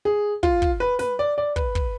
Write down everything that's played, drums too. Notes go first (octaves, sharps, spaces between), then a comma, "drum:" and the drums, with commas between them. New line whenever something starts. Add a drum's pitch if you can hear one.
G#4
F4, drum: kick
drum: kick
B4
B4, drum: snare
D5
D5
B4, drum: kick
drum: kick